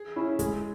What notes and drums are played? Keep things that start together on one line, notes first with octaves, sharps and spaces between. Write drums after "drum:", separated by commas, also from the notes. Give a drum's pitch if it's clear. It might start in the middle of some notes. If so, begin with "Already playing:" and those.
Already playing: G#4
C#4 E4
G#3, drum: kick, hi-hat